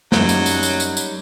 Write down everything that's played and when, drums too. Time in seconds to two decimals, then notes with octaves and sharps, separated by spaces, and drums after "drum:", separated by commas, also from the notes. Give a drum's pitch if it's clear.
0.12 F#2 F#3 G3 D#4, drum: snare
0.29 drum: tambourine
0.46 drum: tambourine
0.63 drum: tambourine
0.80 drum: tambourine
0.97 drum: tambourine